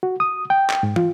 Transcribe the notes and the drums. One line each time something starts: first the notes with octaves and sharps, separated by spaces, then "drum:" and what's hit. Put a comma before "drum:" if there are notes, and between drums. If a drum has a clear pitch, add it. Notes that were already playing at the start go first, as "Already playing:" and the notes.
F#4
D#6
G5
drum: clap
G#2
F4, drum: tom